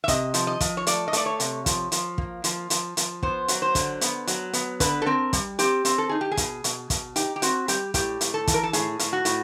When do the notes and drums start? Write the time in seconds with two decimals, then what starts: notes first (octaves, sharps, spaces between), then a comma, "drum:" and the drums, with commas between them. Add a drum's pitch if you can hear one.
0.04 E5
0.08 C3 D#5, drum: kick, hi-hat
0.34 F3, drum: hi-hat
0.47 D#5
0.60 F3, drum: kick, hi-hat
0.77 C#5
0.87 A3 D5, drum: hi-hat
1.08 D#5
1.13 A3 D5, drum: hi-hat
1.26 C#5
1.40 C3, drum: hi-hat
1.66 F3, drum: kick, hi-hat
1.92 F3, drum: hi-hat
2.18 A#3, drum: kick
2.44 F3, drum: hi-hat
2.70 F3, drum: hi-hat
2.97 F3, drum: hi-hat
3.23 B3 C5, drum: kick
3.48 F#3, drum: hi-hat
3.62 C5
3.75 D3, drum: kick, hi-hat
4.01 B3, drum: hi-hat
4.27 F#3, drum: hi-hat
4.53 B3, drum: hi-hat
4.80 D3 B4, drum: kick, hi-hat
5.02 A4
5.06 C4 A#4
5.33 G3, drum: kick, hi-hat
5.59 C4 G4, drum: hi-hat
5.85 C4, drum: hi-hat
5.98 A4
6.09 D#4 G#4
6.21 G4
6.32 G#4
6.37 B2, drum: kick, hi-hat
6.64 B2, drum: hi-hat
6.90 B2, drum: kick, hi-hat
7.16 D#4 G4, drum: hi-hat
7.36 G4
7.42 C4 F#4, drum: hi-hat
7.68 G3 G4, drum: hi-hat
7.94 A2 G4, drum: kick, hi-hat
8.21 A2, drum: hi-hat
8.34 A4
8.47 E3, drum: kick, hi-hat
8.54 A#4
8.63 A4
8.73 A2 G#4, drum: hi-hat
8.99 A2, drum: hi-hat
9.13 F#4
9.25 A2, drum: hi-hat